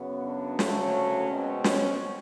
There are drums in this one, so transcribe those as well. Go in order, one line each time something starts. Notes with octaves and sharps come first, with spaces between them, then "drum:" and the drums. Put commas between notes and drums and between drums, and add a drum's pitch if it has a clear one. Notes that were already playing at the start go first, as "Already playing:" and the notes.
Already playing: F#2 C#3 F#3 B3
D4
D2 C#3 F#3 A3 C#4, drum: snare
B2 G#3 C4
C#4, drum: snare